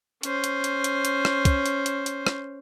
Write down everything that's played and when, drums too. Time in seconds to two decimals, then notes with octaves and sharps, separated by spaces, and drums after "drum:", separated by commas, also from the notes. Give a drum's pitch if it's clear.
0.23 C#4 C5, drum: hi-hat
0.44 drum: hi-hat
0.64 drum: hi-hat
0.84 drum: hi-hat
1.05 drum: hi-hat
1.25 drum: rim click
1.45 drum: kick, hi-hat
1.66 drum: hi-hat
1.86 drum: hi-hat
2.06 drum: hi-hat
2.27 drum: rim click